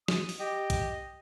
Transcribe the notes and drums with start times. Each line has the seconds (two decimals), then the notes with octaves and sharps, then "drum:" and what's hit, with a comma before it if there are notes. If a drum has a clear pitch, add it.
0.08 D#6, drum: snare
0.29 drum: open hi-hat
0.40 G4 D#5
0.70 drum: kick A#1, hi-hat